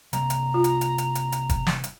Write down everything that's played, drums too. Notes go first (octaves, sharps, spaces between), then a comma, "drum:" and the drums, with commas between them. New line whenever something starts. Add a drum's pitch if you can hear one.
C3 G3 A#3 A#5, drum: hi-hat
drum: hi-hat
F4
drum: hi-hat
drum: hi-hat
drum: hi-hat
drum: hi-hat
drum: hi-hat
drum: kick, hi-hat
drum: snare
drum: hi-hat